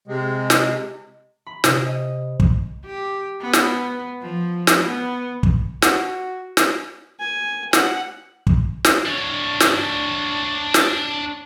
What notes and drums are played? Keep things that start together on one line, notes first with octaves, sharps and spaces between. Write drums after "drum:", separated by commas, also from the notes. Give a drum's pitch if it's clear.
C3 G#3
drum: snare
B5
C3, drum: snare
D#5
drum: kick
G4
B3
drum: snare
F3
drum: snare
B3
drum: kick
F#4, drum: snare
drum: snare
G#5
F#5, drum: snare
drum: kick
drum: snare
D4 C#5
drum: snare
drum: snare